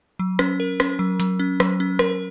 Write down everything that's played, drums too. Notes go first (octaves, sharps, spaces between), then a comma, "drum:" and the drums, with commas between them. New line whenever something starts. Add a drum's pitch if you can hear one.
F#3
C#4, drum: rim click
A#4
C#4, drum: rim click
F#3
F#3, drum: hi-hat
C#4
F#3, drum: rim click
C#4
A#4, drum: rim click